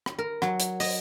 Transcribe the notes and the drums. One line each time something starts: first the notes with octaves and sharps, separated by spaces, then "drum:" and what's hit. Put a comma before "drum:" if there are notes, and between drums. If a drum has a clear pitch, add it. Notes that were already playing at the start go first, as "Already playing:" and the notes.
drum: rim click
A#4
F#3, drum: rim click
drum: hi-hat
D#5, drum: open hi-hat